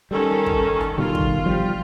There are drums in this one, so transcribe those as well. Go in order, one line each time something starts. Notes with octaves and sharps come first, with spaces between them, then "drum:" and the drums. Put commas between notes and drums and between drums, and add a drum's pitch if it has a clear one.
D#3 G3 C#4 A4
drum: kick
drum: rim click
B2 D#3 G3 F4
drum: kick
F3 G3